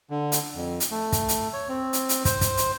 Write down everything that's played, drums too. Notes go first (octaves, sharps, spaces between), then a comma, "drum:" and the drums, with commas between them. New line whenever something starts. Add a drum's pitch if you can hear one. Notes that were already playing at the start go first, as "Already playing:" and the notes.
D3
drum: hi-hat
F2
drum: hi-hat
A3
drum: kick, hi-hat
drum: hi-hat
C#5
C4
drum: hi-hat
drum: hi-hat
C5, drum: kick, hi-hat
drum: kick, hi-hat
drum: hi-hat